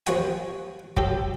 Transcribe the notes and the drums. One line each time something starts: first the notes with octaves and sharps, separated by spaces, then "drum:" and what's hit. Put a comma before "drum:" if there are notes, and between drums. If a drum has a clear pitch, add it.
D#2 F3 C#5 F#5 G#5, drum: hi-hat
F#3 G4 A4, drum: kick